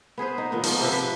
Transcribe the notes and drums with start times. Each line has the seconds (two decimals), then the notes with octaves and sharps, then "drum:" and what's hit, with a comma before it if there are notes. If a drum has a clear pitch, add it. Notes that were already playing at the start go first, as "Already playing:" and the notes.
0.18 B3 G#4 B4 C5
0.38 D#4
0.52 A#2 D#3 B3
0.63 G#2 F3, drum: open hi-hat
0.80 C3 F3 B4
0.93 B4